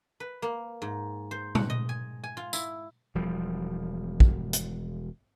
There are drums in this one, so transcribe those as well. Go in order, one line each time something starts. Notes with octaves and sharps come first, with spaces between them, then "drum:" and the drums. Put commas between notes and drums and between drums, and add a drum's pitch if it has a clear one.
B4
A#3
G#2
C5
F#5, drum: tom A#2
D#5
G#5
G#5
F4
E4, drum: tambourine
E1 F3 G3
drum: kick
drum: hi-hat